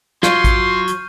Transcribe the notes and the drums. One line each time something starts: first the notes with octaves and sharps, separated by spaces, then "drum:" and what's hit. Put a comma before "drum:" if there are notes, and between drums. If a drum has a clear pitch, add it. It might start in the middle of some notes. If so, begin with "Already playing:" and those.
F#3 F4 C6 F6 G6 D#7, drum: snare
drum: kick A1, hi-hat
drum: hi-hat